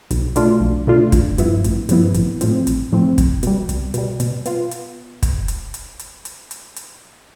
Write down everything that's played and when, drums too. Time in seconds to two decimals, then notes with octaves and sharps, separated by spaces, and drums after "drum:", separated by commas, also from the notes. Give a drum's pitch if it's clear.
0.11 B1, drum: hi-hat
0.36 B2 A3 D4 F4, drum: hi-hat
0.61 B1
0.87 B2 A3 D4 F4
1.12 A1, drum: kick, hi-hat
1.38 G2 F3 B3 E4, drum: hi-hat
1.64 A1, drum: hi-hat
1.89 G2 F3 B3 E4, drum: hi-hat
2.14 A1, drum: hi-hat
2.41 A2 F3 C4, drum: hi-hat
2.67 A1, drum: hi-hat
2.92 A2 F3 C4
3.18 C2, drum: kick, hi-hat
3.43 B2 G3, drum: hi-hat
3.69 C2, drum: hi-hat
3.94 B2 G3, drum: hi-hat
4.20 B2, drum: hi-hat
4.46 B3 F4, drum: hi-hat
4.71 drum: hi-hat
5.23 drum: kick, hi-hat
5.48 drum: hi-hat
5.74 drum: hi-hat
5.99 drum: hi-hat
6.25 drum: hi-hat
6.51 drum: hi-hat
6.76 drum: hi-hat